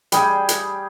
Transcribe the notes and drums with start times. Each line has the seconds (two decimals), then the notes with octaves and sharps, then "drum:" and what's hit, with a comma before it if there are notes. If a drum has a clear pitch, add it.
0.12 G3 G#4 G5, drum: hi-hat
0.49 drum: hi-hat